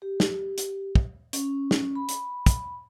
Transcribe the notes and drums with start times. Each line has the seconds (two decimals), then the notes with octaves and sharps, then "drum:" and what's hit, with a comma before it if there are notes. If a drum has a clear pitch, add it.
0.02 G4
0.20 drum: snare
0.58 drum: hi-hat
0.95 drum: kick
1.33 C#4, drum: hi-hat
1.71 drum: snare
1.95 B5
2.09 drum: hi-hat
2.46 drum: kick, hi-hat